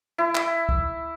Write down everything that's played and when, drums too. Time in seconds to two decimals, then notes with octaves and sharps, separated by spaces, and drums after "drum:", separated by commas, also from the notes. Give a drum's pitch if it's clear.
0.18 E4
0.35 drum: clap
0.69 drum: kick